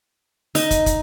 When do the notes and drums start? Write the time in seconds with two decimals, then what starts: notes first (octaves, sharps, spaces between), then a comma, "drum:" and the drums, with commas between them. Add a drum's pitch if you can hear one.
0.55 D#4 D#5, drum: open hi-hat
0.71 drum: kick, hi-hat
0.86 drum: kick, hi-hat